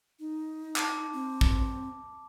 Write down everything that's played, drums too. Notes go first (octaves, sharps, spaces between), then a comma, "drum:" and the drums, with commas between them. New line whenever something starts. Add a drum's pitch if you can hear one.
D#4
A5 D6, drum: clap
C4
drum: kick